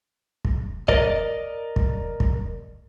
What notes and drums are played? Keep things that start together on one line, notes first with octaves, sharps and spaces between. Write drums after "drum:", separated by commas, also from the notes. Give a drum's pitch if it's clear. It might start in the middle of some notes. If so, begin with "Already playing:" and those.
drum: kick
A#4 D5 D#5, drum: kick
drum: kick
drum: kick